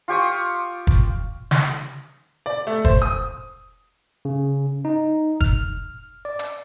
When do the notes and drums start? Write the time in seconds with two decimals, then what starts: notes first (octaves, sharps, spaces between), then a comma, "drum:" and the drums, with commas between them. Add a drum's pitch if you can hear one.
0.08 F4 G4 C#6 D#6
0.87 drum: kick
1.51 drum: snare
2.46 D5
2.67 A3
2.85 C5, drum: kick
3.02 D#6
4.25 C#3
4.85 D#4
5.41 F6, drum: kick
6.25 D5
6.39 drum: hi-hat